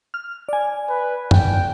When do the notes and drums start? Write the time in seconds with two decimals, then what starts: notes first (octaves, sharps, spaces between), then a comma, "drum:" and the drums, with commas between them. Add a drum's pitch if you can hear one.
0.14 F6
0.49 D5 G#5
0.89 B4
1.31 G5, drum: tom F#2